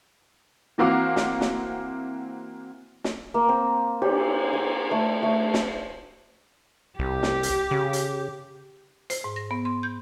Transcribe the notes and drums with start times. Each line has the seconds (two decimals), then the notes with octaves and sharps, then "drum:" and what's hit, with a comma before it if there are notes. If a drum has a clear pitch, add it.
0.78 E3 A#3 C4 F#4 F5 D6
1.16 drum: snare
1.41 drum: snare
3.04 drum: snare
3.34 A#3
3.49 C4
4.02 G4, drum: cymbal
4.53 G#5
4.91 A3
5.23 A3
5.54 drum: snare
6.99 C2 G4
7.23 drum: snare
7.43 drum: hi-hat
7.71 C#3
7.93 drum: hi-hat
9.10 C5, drum: hi-hat
9.24 G#2
9.36 A#6
9.51 B3
9.65 C6
9.83 G6